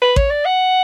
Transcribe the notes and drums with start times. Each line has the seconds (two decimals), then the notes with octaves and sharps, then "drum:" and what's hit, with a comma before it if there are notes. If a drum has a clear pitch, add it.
0.02 B4
0.16 C#5, drum: kick A1
0.30 D5
0.45 F#5